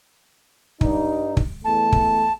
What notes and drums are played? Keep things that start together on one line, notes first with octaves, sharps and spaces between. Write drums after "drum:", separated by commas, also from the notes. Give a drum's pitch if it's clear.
G2 G3 D#4, drum: kick
drum: kick
E2 A3 A5
drum: kick